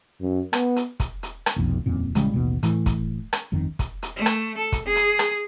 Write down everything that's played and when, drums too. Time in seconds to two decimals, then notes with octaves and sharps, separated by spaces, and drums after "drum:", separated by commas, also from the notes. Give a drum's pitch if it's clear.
0.21 F#2
0.53 B3, drum: rim click
0.76 drum: hi-hat
1.00 drum: kick, hi-hat
1.23 drum: hi-hat
1.46 drum: rim click
1.56 F1 B1 F2
1.86 D#1 F2 A#2
2.15 A1 C#3 G3 G#3, drum: hi-hat
2.34 A1 D#2 B2
2.63 A2 E3, drum: hi-hat
2.86 drum: kick, hi-hat
3.33 drum: rim click
3.52 G1 F2 D#3
3.79 drum: kick, hi-hat
4.02 drum: hi-hat
4.16 A3
4.26 drum: rim click
4.57 A4
4.72 drum: kick, hi-hat
4.85 G#4
4.96 drum: hi-hat
5.19 drum: rim click